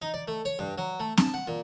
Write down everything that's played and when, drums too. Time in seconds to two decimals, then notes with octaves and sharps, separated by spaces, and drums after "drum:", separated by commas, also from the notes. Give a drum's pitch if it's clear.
0.02 D#4
0.14 D5
0.28 A3
0.45 C#5
0.59 G2
0.78 F#3
1.00 A3
1.17 A5, drum: snare C4
1.34 F#5
1.47 A#2